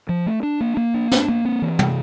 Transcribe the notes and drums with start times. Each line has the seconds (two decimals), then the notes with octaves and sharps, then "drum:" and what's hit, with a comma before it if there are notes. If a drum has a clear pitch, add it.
0.09 F3
0.26 A3
0.43 D4
0.61 A#3
0.77 A#3
0.94 D4
1.12 D4, drum: snare
1.28 A#3
1.45 C4
1.62 E3
1.79 C3, drum: tom